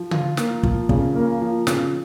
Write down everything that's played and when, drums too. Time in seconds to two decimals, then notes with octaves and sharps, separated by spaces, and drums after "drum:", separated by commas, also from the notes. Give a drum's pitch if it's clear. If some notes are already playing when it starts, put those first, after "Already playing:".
Already playing: F3
0.11 F4, drum: tom C#3
0.37 A#3, drum: snare
0.63 F3, drum: kick
0.89 C#3, drum: kick
1.15 A#3
1.41 F3
1.67 C#3, drum: snare